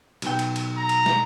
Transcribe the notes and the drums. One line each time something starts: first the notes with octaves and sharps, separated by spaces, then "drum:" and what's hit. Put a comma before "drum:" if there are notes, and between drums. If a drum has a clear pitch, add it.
B1 G5, drum: cymbal
drum: cymbal
drum: cymbal
A#5
drum: cymbal
drum: snare